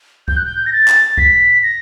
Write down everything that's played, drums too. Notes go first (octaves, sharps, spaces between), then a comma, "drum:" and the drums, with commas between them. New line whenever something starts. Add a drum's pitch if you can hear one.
G6, drum: kick C2
F#6
G6
A#6
A6
drum: clap
B6, drum: kick C2
A#6